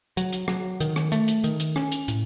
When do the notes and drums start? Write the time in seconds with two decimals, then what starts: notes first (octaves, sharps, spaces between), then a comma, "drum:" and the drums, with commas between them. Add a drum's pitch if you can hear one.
0.17 F#3, drum: hi-hat
0.33 drum: hi-hat
0.48 F#3, drum: rim click
0.80 D#3, drum: hi-hat
0.96 drum: rim click
1.12 A3, drum: hi-hat
1.28 drum: hi-hat
1.44 D#3, drum: hi-hat
1.60 drum: hi-hat
1.76 C#4, drum: rim click
1.92 drum: hi-hat
2.08 A2, drum: hi-hat